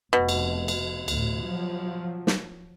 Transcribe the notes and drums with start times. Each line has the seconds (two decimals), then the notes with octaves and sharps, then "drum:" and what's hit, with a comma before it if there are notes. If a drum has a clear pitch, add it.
0.13 F1 F2 B2 A3
0.29 drum: cymbal
0.68 drum: cymbal
1.08 D2 A2, drum: cymbal
1.42 F3 F#3
2.27 drum: snare